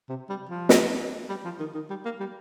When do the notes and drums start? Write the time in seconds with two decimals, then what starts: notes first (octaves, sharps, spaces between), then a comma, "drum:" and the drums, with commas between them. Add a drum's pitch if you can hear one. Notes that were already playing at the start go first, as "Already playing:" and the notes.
0.09 C3
0.29 G3
0.49 F3
0.69 drum: snare
1.29 G3
1.45 F3
1.59 D#3
1.74 D#3
1.90 G3
2.05 A#3
2.20 G3